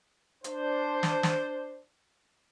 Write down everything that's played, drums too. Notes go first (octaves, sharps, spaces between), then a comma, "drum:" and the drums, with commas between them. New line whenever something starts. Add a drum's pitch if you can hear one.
D4 C5, drum: hi-hat
drum: snare
drum: snare